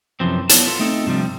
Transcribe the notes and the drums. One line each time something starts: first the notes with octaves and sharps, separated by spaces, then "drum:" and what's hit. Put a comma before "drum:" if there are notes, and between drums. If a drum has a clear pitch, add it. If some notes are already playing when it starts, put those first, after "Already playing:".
F#2 C3 E3 F3 C4
B3 E4 C#5 D5 A5, drum: hi-hat
B3 F4 A4
A3 C4 D#4 A4
G2 C3 F3 G3